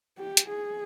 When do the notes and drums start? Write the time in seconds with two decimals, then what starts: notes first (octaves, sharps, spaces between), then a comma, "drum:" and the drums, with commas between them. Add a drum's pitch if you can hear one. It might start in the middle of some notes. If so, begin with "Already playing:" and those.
0.18 G4
0.37 drum: hi-hat
0.49 G#4